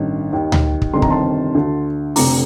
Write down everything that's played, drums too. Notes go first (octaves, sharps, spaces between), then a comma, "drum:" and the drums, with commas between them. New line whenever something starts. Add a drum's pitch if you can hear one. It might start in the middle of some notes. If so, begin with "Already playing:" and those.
Already playing: A1 G2 D#3
D#2 D#3
drum: tom D2
drum: kick
G1 F2 C3 D#3 C6
A#5, drum: kick
A5 C6
D2 D3
F1 F2 D3 A#5 D6, drum: open hi-hat